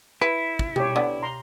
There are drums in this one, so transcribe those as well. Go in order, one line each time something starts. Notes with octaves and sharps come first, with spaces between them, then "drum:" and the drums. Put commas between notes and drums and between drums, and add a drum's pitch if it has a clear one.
E4 B4
drum: kick
G4 C#5, drum: tom B2
D3 B3
A#5 C6